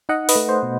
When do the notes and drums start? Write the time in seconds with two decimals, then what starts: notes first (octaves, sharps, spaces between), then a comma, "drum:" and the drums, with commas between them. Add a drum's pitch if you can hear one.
0.09 D#4 D#5 F#5
0.29 B4 D#5, drum: open hi-hat
0.36 A3
0.49 C5
0.63 B2